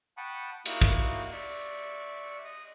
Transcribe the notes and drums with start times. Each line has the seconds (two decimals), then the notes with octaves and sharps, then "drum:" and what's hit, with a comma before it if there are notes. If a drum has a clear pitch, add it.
0.17 F#5 G5 A5 B5 C#6 D#6
0.66 A#3 D#4 E4 F#4, drum: cymbal
0.82 drum: kick
1.32 D5 E5 C#6
2.45 D#5 D#6